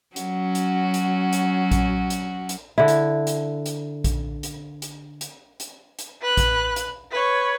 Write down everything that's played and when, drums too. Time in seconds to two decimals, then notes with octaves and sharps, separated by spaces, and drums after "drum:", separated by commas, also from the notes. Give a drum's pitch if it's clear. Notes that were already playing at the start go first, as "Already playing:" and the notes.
0.16 F#3 C#4 F#4, drum: hi-hat
0.55 drum: hi-hat
0.94 drum: hi-hat
1.33 drum: hi-hat
1.71 drum: kick, hi-hat
2.10 drum: hi-hat
2.49 drum: hi-hat
2.78 D3 E4
2.88 drum: hi-hat
3.27 drum: hi-hat
3.66 drum: hi-hat
4.04 drum: kick, hi-hat
4.43 drum: hi-hat
4.82 drum: hi-hat
5.21 drum: hi-hat
5.60 drum: hi-hat
5.99 drum: hi-hat
6.21 B4 F#6
6.37 drum: kick, hi-hat
6.76 drum: hi-hat
7.11 B4 C#5